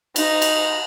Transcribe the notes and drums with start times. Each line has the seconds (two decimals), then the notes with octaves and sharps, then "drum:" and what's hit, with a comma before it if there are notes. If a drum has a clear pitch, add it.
0.16 D#4 A#5, drum: cymbal
0.42 drum: cymbal